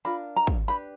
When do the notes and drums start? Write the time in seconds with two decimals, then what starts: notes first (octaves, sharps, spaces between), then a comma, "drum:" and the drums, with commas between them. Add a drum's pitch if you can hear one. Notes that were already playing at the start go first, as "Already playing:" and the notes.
0.05 D4 F4 A#4 B5
0.36 A#5
0.47 drum: kick
0.68 D4 G4 B4 B5